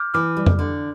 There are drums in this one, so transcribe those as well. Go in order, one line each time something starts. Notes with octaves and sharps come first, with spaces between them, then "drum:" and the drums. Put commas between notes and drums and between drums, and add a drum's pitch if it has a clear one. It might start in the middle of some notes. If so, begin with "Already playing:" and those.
Already playing: D6 F6 G6
E3 D6 F6
G3
drum: tom F2
D3